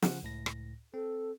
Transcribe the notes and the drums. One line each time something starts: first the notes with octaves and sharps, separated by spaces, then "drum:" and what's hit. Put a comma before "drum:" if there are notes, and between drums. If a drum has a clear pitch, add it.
C#3 F3 F#5, drum: snare
C#2 A2 A#6
drum: rim click
C4 A4